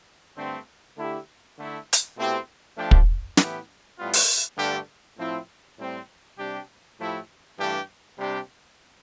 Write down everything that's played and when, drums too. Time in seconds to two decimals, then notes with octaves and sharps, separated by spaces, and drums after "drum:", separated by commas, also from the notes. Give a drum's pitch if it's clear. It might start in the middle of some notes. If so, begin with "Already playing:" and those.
0.37 G2 D3 A3 C4
0.96 D3 A3 E4 G4
1.57 D3 A3 E4
1.93 drum: hi-hat
2.16 B2 A3 C4 E4 G4
2.77 F3 A3 D4 G4
2.91 drum: kick
3.37 A2 E3 B3 E4 G4, drum: snare
3.98 A2 G3 B3 F4
4.13 drum: open hi-hat
4.57 G2 D3 A3 D4 G4
5.17 A2 F3 C4 E4
5.78 A2 G3 C4
6.38 C3 G3 D4 G4
6.98 A2 F3 A3 E4 G4
7.58 G2 E3 A3 D4 G4
8.18 C3 G3 D4 G4